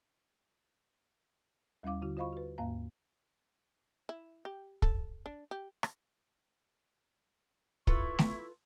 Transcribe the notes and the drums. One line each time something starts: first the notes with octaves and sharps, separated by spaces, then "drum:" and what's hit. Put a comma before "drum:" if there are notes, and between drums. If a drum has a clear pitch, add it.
D#2 G3 C#4 E4 F5 D6
D3 E4 F#4
F4 C5 D#5 F5 B5 C#6
F#4 B4
D#2 G#2 A#3 F5 A#5
E4
G4
A4, drum: kick
D4
G4
drum: rim click
E4 F4 A4 B4 C#6, drum: kick
drum: snare A3